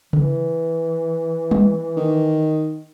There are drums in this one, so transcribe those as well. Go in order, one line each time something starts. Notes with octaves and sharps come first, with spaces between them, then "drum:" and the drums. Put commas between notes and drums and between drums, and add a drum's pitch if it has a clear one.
E3, drum: tom C#3
drum: tom G3
D#3